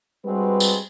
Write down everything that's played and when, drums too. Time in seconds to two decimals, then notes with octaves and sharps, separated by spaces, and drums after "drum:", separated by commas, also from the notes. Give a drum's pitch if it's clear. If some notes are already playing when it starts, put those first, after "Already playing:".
0.25 G3 G#3 C4 D4 F#4 B4
0.60 drum: tambourine